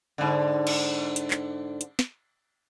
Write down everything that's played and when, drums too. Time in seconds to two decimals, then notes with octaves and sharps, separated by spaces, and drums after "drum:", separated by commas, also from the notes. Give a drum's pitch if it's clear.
0.18 G#2 D3
0.67 drum: cymbal
1.16 drum: hi-hat
1.31 drum: clap
1.81 drum: hi-hat
1.99 drum: snare